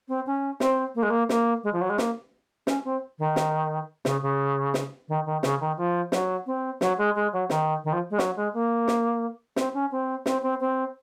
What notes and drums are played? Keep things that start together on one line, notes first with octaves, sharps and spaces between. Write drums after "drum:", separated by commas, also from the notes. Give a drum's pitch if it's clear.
C4
C#4
C4, drum: snare
A#3
G#3
A#3
A#3, drum: snare
G#3
F3
F#3
G#3
A#3, drum: snare
C#4, drum: snare
C4
D#3
drum: snare
C#3, drum: snare
C#3
drum: snare
D#3
D#3
C#3, drum: snare
D#3
F3
F#3, drum: snare
C4
F#3, drum: snare
G#3
G#3
F#3
D#3, drum: snare
D#3
F3
G#3
F#3, drum: snare
G#3
A#3
drum: snare
C4, drum: snare
C#4
C4
C4, drum: snare
C4
C4